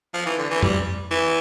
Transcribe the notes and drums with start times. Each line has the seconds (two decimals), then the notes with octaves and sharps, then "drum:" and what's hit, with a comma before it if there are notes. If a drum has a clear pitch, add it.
0.14 F3
0.26 E3
0.38 D3
0.51 E3
0.62 G3, drum: tom F2
1.11 E3